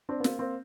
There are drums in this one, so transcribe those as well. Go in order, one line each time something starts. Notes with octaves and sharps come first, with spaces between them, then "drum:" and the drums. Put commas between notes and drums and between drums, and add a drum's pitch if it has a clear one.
C4 D4
B3
A#3 C4, drum: snare
A#3 C4